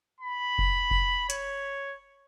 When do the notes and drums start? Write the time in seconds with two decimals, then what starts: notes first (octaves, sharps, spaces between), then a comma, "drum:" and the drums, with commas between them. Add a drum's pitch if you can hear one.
0.20 B5
0.58 drum: kick F1
0.91 drum: kick F1
1.30 C#5, drum: hi-hat